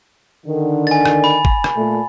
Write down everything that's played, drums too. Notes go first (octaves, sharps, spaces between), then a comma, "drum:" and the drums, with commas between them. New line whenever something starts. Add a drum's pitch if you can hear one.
D3 D#3
G#5 A6
drum: rim click
B5
drum: kick
drum: rim click
A#2 A3